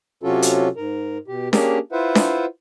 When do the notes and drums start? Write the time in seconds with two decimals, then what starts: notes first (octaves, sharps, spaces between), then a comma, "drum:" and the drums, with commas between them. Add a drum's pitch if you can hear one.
0.23 C3 F#3 C#4 F4 F#4 A4
0.42 drum: hi-hat
0.77 G#2 A#4
1.28 B2 G4
1.53 A#3 C#4 D4 G4 G#4 A#4, drum: snare D4
1.92 E4 F4 B4 C5 E5 F#5
2.15 drum: snare D4